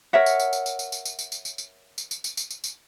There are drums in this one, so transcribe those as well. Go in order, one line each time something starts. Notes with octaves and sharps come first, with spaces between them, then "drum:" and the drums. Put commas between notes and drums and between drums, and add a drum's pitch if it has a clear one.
A#4 C#5 E5 F#5
drum: tambourine
drum: tambourine
drum: tambourine
drum: tambourine
drum: tambourine
drum: tambourine
drum: tambourine
drum: tambourine
drum: tambourine
drum: tambourine
drum: tambourine
drum: tambourine
drum: tambourine
drum: tambourine
drum: tambourine
drum: tambourine
drum: tambourine